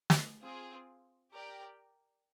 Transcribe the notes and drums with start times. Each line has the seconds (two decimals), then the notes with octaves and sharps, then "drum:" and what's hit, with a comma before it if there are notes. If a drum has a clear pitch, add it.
0.10 drum: snare
0.42 C4 F4 G#4
1.31 G4 A#4 D5 G5